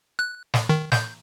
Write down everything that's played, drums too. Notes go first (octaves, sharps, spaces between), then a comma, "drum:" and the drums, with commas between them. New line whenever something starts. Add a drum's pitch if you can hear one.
F#6
drum: snare
D#3
G6, drum: snare